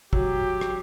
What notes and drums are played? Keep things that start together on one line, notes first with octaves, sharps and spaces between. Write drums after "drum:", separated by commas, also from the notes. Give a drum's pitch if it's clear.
F#3 G4, drum: kick
drum: rim click